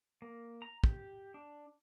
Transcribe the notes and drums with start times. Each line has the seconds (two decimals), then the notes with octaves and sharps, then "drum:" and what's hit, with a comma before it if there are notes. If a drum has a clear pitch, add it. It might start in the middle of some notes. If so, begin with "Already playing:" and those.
0.22 A#3
0.62 A#5
0.84 G4, drum: kick
1.34 D4